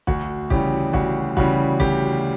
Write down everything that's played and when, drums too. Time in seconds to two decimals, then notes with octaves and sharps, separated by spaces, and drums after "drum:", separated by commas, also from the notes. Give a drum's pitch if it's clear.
0.07 D2 F#4, drum: kick
0.50 C#3 E3 G3 G4, drum: kick
0.93 D2 F#4, drum: kick
1.37 C#3 E3 G3 F#4, drum: kick
1.80 D2 G4, drum: kick